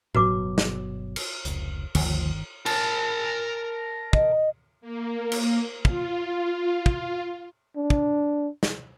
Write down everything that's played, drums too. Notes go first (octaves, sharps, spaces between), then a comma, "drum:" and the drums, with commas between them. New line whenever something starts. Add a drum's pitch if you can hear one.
G1 B2 F#3 F#4 B4 D6, drum: tom A2
drum: snare
drum: cymbal
F1 C#2, drum: hi-hat
G1 D2 D#3 F3, drum: cymbal
A#4 A5, drum: cymbal
D#5, drum: kick
A#3
drum: cymbal
F4, drum: kick
drum: kick
D4
drum: kick
drum: snare